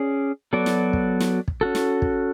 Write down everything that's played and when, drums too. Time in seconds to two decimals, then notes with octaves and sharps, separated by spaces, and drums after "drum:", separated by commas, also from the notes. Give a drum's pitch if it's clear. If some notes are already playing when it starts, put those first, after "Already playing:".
Already playing: C#4 G#4 D5
0.53 F#3 B3 F#4 A4 D5
0.66 drum: snare
0.93 drum: kick
1.20 drum: snare
1.48 drum: kick
1.61 C#4 F#4 A4
1.75 drum: snare
2.02 drum: kick